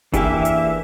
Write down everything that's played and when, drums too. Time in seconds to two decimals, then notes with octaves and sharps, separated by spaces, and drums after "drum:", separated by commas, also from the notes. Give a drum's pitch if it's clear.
0.14 E3 A#3 D4 G4 G#4 E5, drum: kick F#1, hi-hat
0.45 drum: hi-hat